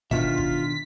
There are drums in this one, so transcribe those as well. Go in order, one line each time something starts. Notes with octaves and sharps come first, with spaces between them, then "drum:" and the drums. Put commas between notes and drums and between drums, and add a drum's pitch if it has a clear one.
B2 D#3 B3 D4 F4 E5 B6, drum: kick F1
drum: kick F1